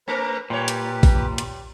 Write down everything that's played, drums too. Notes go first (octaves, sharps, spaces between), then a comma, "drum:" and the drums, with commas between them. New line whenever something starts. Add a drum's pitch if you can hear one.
A3 C4 A#4 B4
A#2 G3 G4 B4 C#5
drum: hi-hat
drum: kick A1, open hi-hat
drum: hi-hat